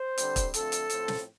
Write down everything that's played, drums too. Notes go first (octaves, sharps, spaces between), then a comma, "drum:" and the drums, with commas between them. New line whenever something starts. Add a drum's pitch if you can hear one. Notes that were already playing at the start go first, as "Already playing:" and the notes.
Already playing: C5
D3 G3 C4, drum: hi-hat
drum: kick, hi-hat
D3 F3 A3 C4 A4, drum: hi-hat
drum: hi-hat
A2 F3 C4, drum: hi-hat
drum: snare